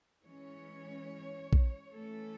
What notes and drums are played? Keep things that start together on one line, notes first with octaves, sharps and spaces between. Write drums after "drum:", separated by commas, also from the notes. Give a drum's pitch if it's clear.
E3 G#3 C#4 C#5
drum: kick A#1
E3 A3 C#4 A4